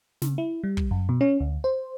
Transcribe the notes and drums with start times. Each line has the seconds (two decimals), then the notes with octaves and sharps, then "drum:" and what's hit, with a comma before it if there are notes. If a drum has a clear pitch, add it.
0.22 C#3, drum: snare
0.38 E4
0.64 G3
0.77 drum: kick
0.91 F#2
1.09 B2
1.21 C#4
1.40 D2
1.64 C5